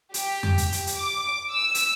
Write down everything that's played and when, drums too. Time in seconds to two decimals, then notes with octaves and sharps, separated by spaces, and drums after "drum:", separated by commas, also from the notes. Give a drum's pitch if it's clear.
0.14 G4, drum: hi-hat
0.43 drum: tom F2
0.58 drum: hi-hat
0.72 drum: hi-hat
0.87 drum: hi-hat
0.96 D6
1.52 E6
1.75 drum: hi-hat